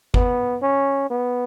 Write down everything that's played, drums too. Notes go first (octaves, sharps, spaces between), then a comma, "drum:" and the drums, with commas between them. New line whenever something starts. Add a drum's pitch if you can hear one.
B3, drum: kick G1
C#4
B3